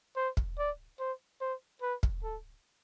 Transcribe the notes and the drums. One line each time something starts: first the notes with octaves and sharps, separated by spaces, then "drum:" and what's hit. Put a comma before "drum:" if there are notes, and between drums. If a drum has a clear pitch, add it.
C5
drum: kick
D5
C5
C5
B4
drum: kick
A4